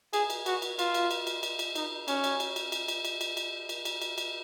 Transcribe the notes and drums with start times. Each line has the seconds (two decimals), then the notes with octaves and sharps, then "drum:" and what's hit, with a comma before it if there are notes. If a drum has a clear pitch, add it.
0.13 G#4, drum: cymbal
0.30 drum: cymbal
0.46 F#4, drum: cymbal
0.62 drum: cymbal
0.79 F4, drum: cymbal
0.94 drum: cymbal
1.11 drum: cymbal
1.27 drum: cymbal
1.43 drum: cymbal
1.59 drum: cymbal
1.76 D#4, drum: cymbal
2.08 C#4, drum: cymbal
2.24 drum: cymbal
2.40 drum: cymbal
2.56 drum: cymbal
2.72 drum: cymbal
2.88 drum: cymbal
3.05 drum: cymbal
3.21 drum: cymbal
3.37 drum: cymbal
3.69 drum: cymbal
3.85 drum: cymbal
4.02 drum: cymbal
4.18 drum: cymbal